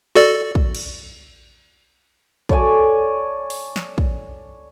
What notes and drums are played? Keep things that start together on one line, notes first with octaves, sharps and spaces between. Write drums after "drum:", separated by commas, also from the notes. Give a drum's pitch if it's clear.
F#4 A4 D5
drum: kick
drum: cymbal
A4 C#5 D5 G#5, drum: kick
drum: open hi-hat
drum: snare
drum: kick